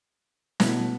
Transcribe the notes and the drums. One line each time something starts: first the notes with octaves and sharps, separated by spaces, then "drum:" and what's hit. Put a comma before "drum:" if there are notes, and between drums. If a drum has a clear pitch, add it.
B2 A3 B3 E4 A4, drum: snare